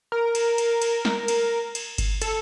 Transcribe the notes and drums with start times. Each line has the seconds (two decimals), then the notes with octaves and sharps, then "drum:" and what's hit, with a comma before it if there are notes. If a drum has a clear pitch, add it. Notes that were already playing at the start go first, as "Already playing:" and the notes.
0.12 A#4
0.35 drum: cymbal
0.58 drum: cymbal
0.82 drum: cymbal
1.05 drum: snare
1.28 drum: cymbal
1.75 drum: cymbal
1.98 drum: kick G1, cymbal
2.22 A4, drum: cymbal